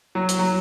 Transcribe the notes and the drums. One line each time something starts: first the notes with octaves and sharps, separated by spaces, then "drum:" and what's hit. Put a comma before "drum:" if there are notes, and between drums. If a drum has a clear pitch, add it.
F#3
drum: hi-hat
F#3